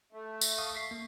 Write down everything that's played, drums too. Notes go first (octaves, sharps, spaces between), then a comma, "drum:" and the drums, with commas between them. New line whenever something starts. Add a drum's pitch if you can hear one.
A3
drum: tambourine
F5 C#6 D#6
C#6 B6 C7
A#3